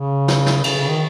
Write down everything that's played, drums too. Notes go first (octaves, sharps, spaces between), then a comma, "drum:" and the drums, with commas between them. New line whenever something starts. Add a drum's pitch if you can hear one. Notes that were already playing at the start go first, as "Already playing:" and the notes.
Already playing: C#3
drum: snare
drum: snare
C#3, drum: cymbal
C#3
D#3